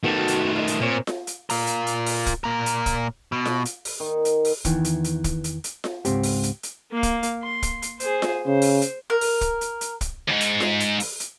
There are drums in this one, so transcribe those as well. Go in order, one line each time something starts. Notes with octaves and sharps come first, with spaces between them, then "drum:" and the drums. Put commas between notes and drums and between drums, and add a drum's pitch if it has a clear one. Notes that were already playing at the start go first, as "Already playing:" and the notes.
D#3 A3 B3 F#4 G4
drum: hi-hat
F4 D#5
drum: hi-hat
A#2 A#3 C4 C#5
drum: snare F4
drum: hi-hat
F4 A#4, drum: open hi-hat
drum: hi-hat
drum: hi-hat
drum: open hi-hat
drum: kick, hi-hat
A#2 A#4
drum: hi-hat
drum: kick, hi-hat
B2
drum: snare F4
drum: hi-hat
drum: open hi-hat
D#3
drum: hi-hat
drum: open hi-hat
E2 D#3 E3, drum: kick, hi-hat
drum: hi-hat
drum: hi-hat
drum: kick, hi-hat
drum: hi-hat
drum: hi-hat
drum: snare F4
C#2 G#2 C4 G4, drum: hi-hat
drum: open hi-hat
drum: hi-hat
drum: hi-hat
A#3 F5
drum: kick, hi-hat
drum: hi-hat
C6
drum: kick, hi-hat
drum: hi-hat
G#4 C5, drum: hi-hat
drum: snare F4
C#3 C5
drum: open hi-hat
drum: hi-hat
A#4
drum: open hi-hat
drum: kick, hi-hat
drum: hi-hat
drum: hi-hat
drum: kick, hi-hat
D#2 G#2
drum: hi-hat
drum: snare F4
drum: hi-hat
drum: open hi-hat
drum: hi-hat